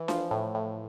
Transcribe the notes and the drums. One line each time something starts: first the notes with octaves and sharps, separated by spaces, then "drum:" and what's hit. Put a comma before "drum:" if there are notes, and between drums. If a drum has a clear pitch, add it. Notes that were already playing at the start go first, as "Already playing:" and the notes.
Already playing: E3
F3, drum: snare D4
A2
A2